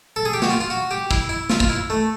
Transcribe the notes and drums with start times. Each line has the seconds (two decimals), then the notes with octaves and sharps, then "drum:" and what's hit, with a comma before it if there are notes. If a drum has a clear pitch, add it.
0.16 A4
0.25 G#4
0.34 G4
0.42 F#4, drum: snare
0.50 F4
0.61 F4
0.70 F#4
0.91 G4
1.11 E4, drum: kick
1.29 E4
1.50 F4, drum: snare
1.60 F4, drum: kick
1.69 E4
1.90 A3